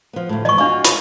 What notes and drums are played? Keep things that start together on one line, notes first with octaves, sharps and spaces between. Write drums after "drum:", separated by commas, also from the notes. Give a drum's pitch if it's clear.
F3 B3
D2 A2
G#2 E3 F3 D#5 C#6
D4 F4 F#4 F5 C#6
B5, drum: hi-hat